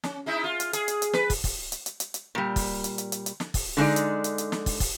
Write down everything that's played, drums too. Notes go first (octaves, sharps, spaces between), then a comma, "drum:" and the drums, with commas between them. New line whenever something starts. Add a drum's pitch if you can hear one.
C#4, drum: snare
G#3 D#4 E4
F4
drum: hi-hat
G#4, drum: hi-hat
drum: hi-hat
drum: hi-hat
B4, drum: snare
drum: kick, open hi-hat
drum: kick, open hi-hat
drum: hi-hat
drum: hi-hat
drum: hi-hat
drum: hi-hat
A#2 G3
drum: kick, open hi-hat
drum: hi-hat
drum: hi-hat
drum: hi-hat
drum: hi-hat
drum: snare
drum: kick, open hi-hat
D3 G#3 D#4 D5
drum: hi-hat
drum: hi-hat
drum: hi-hat
drum: snare
drum: kick, open hi-hat
drum: kick, open hi-hat